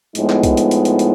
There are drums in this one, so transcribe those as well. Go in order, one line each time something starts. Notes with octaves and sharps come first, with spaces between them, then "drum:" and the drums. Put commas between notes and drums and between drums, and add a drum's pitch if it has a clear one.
A2 F3 G#3 B3 D#4, drum: hi-hat
drum: clap
drum: kick B1, hi-hat
drum: hi-hat
drum: hi-hat
drum: hi-hat
drum: hi-hat